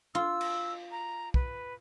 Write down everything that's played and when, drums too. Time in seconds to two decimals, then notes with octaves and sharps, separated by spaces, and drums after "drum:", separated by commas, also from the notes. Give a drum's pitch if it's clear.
0.15 F4 E6
0.41 drum: cymbal
0.91 A#5
1.34 B4, drum: kick